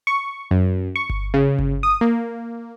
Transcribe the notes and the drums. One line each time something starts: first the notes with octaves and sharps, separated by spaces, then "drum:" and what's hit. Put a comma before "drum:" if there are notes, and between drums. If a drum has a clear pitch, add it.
C#6
F#2
C#6
drum: kick G1
C#3
drum: kick G1
D#6
A#3